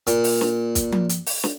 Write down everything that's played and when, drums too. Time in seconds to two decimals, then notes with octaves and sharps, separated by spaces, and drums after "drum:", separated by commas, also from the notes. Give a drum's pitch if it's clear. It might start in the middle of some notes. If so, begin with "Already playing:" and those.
0.07 A#2, drum: hi-hat
0.24 drum: open hi-hat
0.41 drum: snare
0.75 drum: kick, hi-hat
0.92 drum: tom F3
1.09 drum: hi-hat
1.26 drum: open hi-hat
1.44 drum: snare